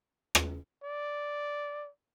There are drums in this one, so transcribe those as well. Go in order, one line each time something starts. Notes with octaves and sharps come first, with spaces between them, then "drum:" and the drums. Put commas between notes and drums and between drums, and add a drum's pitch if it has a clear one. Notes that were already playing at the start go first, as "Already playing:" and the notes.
drum: rim click
D5